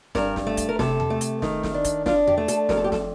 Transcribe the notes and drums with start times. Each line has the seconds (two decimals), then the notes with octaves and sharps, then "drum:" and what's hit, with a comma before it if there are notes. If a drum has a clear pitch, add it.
0.15 G2 A#4, drum: snare
0.36 drum: snare
0.47 A3
0.57 drum: kick, hi-hat
0.69 A#4
0.79 C3 A4, drum: snare
1.00 drum: tom E2
1.10 A3
1.21 drum: hi-hat
1.42 D#3, drum: snare
1.63 drum: snare
1.74 D4
1.85 drum: kick, hi-hat
2.06 D4 F4, drum: snare
2.27 G4, drum: tom E2
2.38 A3
2.48 A4, drum: hi-hat
2.69 F2 A#4, drum: snare
2.77 A4
2.84 G4
2.92 A4, drum: snare